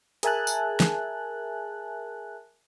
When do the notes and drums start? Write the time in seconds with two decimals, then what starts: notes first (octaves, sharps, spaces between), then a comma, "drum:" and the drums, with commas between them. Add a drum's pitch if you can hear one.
0.23 G#4 A#4 E5 G#5 A5 F#6, drum: hi-hat
0.47 drum: tambourine
0.80 drum: snare